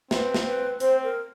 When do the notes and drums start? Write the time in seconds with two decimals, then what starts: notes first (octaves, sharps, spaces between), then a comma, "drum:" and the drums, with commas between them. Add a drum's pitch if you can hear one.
0.11 C4 B4, drum: snare
0.34 drum: snare
0.46 B4
0.80 C4 C5, drum: hi-hat
1.03 A#4